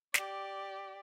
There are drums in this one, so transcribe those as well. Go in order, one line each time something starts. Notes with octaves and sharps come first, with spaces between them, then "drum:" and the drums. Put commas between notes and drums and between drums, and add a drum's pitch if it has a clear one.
G4 D5, drum: snare